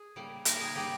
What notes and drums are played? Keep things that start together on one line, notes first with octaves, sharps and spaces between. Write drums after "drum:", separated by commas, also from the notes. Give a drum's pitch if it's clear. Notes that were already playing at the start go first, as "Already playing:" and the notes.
Already playing: G#4
C#3 G3 A#3
C#3 G3 A#3 A#4, drum: hi-hat
G#4
C#3 G3 A#3 G4